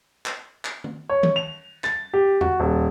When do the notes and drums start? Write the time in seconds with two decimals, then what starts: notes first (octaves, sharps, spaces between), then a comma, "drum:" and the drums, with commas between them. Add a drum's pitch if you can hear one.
0.26 drum: clap
0.65 drum: clap
0.84 drum: tom
1.09 C#5
1.23 drum: tom D#3
1.36 F7
1.84 A6, drum: clap
2.14 G4
2.41 F#4, drum: tom E2
2.60 D#1